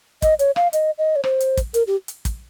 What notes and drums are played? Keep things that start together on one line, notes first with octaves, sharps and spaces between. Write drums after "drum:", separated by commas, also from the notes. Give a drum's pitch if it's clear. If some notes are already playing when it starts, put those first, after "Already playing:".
D#5, drum: kick, hi-hat
C#5, drum: hi-hat
F5, drum: rim click
D#5, drum: hi-hat
D#5
C#5
C5, drum: rim click
drum: hi-hat
drum: kick, hi-hat
A#4, drum: hi-hat
G4
drum: hi-hat
drum: kick, hi-hat